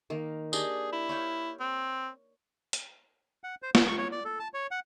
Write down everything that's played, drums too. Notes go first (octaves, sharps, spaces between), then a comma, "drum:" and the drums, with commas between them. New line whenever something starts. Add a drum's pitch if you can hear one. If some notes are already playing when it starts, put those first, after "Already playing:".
D#3 A#3
D4 G4 G#4, drum: tambourine
E4
C#5 F5 G5
C4
drum: hi-hat
F#5
C5
B3, drum: snare
C#6
C#5
D5
A4
A5
C#5
F#5